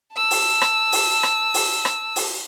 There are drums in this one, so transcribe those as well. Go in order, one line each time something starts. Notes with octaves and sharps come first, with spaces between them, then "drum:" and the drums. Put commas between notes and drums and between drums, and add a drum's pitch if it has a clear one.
A5 E6
drum: open hi-hat
drum: rim click
drum: open hi-hat
drum: rim click
drum: open hi-hat
drum: rim click
drum: open hi-hat